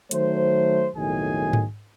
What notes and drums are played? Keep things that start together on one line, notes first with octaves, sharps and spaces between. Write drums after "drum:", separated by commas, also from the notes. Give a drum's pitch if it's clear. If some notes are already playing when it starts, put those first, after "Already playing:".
D#3 F#3 A3 C5, drum: hi-hat
B1 F2 A2 D#3 G#4 G#5
drum: tom G#2